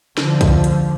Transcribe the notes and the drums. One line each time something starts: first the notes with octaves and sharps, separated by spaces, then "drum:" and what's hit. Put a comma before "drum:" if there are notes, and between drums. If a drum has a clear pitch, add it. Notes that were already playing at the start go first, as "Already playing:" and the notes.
D3 F3, drum: snare
drum: kick B1, hi-hat
drum: hi-hat